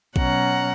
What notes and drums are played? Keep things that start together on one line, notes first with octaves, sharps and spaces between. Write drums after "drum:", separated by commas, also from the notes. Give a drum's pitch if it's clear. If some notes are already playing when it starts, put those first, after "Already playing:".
B2 F#3 C#4 F#5 A#5, drum: kick A#1